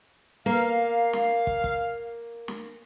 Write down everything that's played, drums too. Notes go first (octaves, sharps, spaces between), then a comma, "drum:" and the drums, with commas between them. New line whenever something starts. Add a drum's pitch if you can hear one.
A#3 F5
drum: snare
drum: kick
drum: kick
drum: snare